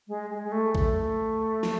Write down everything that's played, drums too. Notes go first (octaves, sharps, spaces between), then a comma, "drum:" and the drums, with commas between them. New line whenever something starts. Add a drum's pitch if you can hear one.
G#3
G#3
G#3
A3
A3, drum: kick A#1
drum: snare